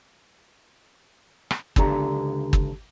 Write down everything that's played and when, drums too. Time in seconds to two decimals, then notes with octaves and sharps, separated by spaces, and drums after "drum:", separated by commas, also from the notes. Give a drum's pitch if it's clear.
1.51 drum: rim click
1.76 C#2 D3 D4 G4 A#5, drum: kick
2.53 drum: kick